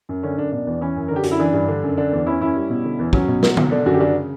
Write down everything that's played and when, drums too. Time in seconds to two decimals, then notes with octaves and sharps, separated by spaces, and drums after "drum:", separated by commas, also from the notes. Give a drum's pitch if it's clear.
0.09 F#2
0.23 D3 C#4
0.38 F#2 D4
0.52 B2 D4
0.67 E2
0.81 E3 C#4
0.96 F#2
1.08 D3 A#4
1.16 G4
1.24 F#2 F#4, drum: hi-hat
1.31 E4
1.39 E3 D4
1.53 G2
1.68 D3
1.83 F#2
1.97 D3 D4
2.12 E2
2.26 E3 C#4 E4
2.41 F#2 C#4 E4
2.55 G3
2.70 B2
2.84 D3
2.99 E2
3.13 F#3 C#4, drum: kick
3.28 B2
3.43 F#3, drum: snare
3.57 B2, drum: tom D3
3.71 D3 D4
3.86 F#2 D4 F#4
3.94 G4
4.00 C#3 D4 F#4